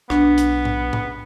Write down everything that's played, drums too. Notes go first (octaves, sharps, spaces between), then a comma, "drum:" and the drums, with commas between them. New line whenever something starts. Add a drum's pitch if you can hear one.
B1 B3 D4, drum: rim click
drum: hi-hat
drum: tom A2
drum: tom A2